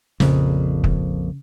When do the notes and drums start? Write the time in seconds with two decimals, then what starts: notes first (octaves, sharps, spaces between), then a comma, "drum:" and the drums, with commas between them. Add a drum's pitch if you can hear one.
0.20 A#1 F2 C#3, drum: snare
0.84 drum: kick